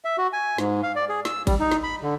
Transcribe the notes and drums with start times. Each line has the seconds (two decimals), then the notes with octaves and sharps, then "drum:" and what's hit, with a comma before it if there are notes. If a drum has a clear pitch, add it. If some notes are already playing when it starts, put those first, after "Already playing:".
0.05 E5
0.18 F#4
0.33 G#5
0.58 G#2, drum: snare
0.83 F5
0.96 D5
1.09 G#4
1.25 E6, drum: snare
1.47 G3, drum: kick G#1, cymbal
1.60 D#4
1.72 drum: snare
1.83 B5
2.03 D3